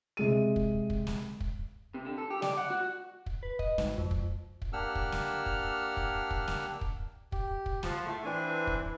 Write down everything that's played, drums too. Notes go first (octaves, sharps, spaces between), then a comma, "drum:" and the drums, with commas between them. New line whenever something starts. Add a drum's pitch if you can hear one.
C3 G#3 D#7
drum: kick
drum: kick
drum: snare
drum: kick
C3
D3
A4
G4
D5, drum: snare
F#5
F#4
drum: kick
B4
D#5, drum: kick
G#1, drum: snare
F2
drum: kick
drum: kick
A#3 D4 G4 F#5 E6 F6
drum: kick
drum: snare
drum: kick
drum: kick
drum: kick
drum: snare
drum: kick
G4, drum: kick
drum: kick
F3 F#5 A5, drum: snare
A2 A3
E3 C4 D4 G#5
drum: kick